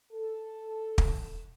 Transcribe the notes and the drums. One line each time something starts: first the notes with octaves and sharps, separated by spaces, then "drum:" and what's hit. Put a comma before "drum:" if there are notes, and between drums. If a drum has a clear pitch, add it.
A4
drum: kick